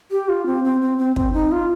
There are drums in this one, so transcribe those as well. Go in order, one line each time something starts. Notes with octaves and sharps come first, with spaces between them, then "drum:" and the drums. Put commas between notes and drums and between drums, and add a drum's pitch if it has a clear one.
G4
F4
C4
C4
C4
C4
C4, drum: kick
D#4
F4